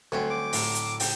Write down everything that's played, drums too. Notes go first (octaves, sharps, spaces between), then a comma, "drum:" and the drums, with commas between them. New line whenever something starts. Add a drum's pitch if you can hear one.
D2 F#3 G3 C4 C#4
D6
A2 A#5, drum: open hi-hat
drum: hi-hat
C#3 G5, drum: open hi-hat